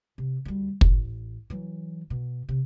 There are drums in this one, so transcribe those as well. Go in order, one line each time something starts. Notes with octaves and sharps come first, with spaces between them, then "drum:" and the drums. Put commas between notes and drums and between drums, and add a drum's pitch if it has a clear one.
C3
D2 G3
A1, drum: kick
E3 F#3
B2
C3